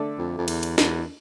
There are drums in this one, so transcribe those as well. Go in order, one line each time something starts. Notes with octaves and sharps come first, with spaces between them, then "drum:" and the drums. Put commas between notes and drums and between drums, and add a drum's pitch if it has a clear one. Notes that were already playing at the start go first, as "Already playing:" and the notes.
Already playing: D3 A3 D4 A4 D5
F2
F2
E2, drum: cymbal
drum: cymbal
E2, drum: snare